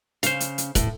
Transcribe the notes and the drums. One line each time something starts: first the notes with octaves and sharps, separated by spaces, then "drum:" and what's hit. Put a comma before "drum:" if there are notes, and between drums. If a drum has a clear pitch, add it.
C#3 C5 F5, drum: hi-hat
drum: hi-hat
drum: hi-hat
A2, drum: kick, hi-hat